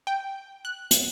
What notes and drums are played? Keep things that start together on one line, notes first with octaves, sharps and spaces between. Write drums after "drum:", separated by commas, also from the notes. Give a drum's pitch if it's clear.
G5
F#6
drum: hi-hat